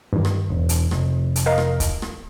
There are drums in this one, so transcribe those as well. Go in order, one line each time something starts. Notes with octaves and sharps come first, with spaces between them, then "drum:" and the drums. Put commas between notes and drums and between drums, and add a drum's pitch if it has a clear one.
G2 D#3
drum: rim click
E1
drum: hi-hat
F1, drum: rim click
drum: hi-hat
A#4 D#5 F5
drum: rim click
drum: kick C#1, hi-hat
drum: rim click